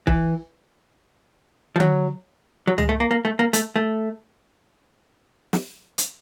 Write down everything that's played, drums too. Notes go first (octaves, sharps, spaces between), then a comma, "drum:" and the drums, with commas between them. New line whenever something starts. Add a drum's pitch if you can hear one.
E3, drum: kick
F3
F#3, drum: tom D3
F#3
G#3, drum: tom
A3
A#3
A#3
A3
A#3
A3, drum: hi-hat
A3
drum: snare
drum: hi-hat